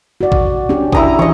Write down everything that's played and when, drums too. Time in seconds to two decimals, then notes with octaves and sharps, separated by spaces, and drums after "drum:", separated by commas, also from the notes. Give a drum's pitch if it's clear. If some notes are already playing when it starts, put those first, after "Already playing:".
0.21 F#4 D5
0.32 drum: kick A#1
0.69 C#4 D4 G4
0.92 E4 A#5 D#6, drum: kick A#1
1.19 E3 D#5 C#6